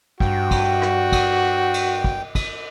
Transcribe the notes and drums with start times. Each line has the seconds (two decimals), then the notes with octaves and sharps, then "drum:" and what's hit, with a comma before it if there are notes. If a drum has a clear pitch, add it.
0.20 G2 F#4 G5, drum: kick
0.51 drum: kick, cymbal
0.82 drum: rim click
1.12 drum: kick, cymbal
1.74 drum: cymbal
2.04 drum: kick
2.35 drum: kick, cymbal